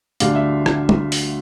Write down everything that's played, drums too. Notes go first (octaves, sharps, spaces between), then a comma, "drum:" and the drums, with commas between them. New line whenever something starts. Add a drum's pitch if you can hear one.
D2 D3 G3 D4 F5, drum: hi-hat
E5
drum: rim click
drum: tom
drum: open hi-hat